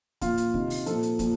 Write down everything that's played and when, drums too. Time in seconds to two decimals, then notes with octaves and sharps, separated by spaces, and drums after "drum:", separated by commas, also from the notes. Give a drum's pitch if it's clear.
0.21 A#2 F3 F4, drum: kick, hi-hat
0.38 drum: hi-hat
0.54 C3 D#3, drum: kick
0.70 drum: open hi-hat
0.86 A#2 F3 A4, drum: hi-hat
1.03 drum: hi-hat
1.19 A#2 F3, drum: kick, hi-hat